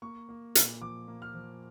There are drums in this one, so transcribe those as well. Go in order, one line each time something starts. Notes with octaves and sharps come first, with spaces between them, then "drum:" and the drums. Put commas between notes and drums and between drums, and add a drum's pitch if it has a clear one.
A#3 C#6
A#3
A#2, drum: hi-hat
F3 D6
A#3
F6
F3